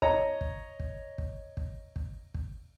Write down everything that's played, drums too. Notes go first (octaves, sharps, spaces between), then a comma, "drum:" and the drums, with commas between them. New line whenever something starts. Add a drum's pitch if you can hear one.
C#5 D#5 A#5, drum: kick
drum: kick
drum: kick
drum: kick
drum: kick
drum: kick
drum: kick